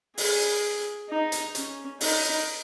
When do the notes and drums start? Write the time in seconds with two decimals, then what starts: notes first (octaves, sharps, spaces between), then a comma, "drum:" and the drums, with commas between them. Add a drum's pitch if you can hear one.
0.18 G#4, drum: open hi-hat
1.09 D#4
1.32 drum: hi-hat
1.55 C#4, drum: hi-hat
2.01 D#4, drum: open hi-hat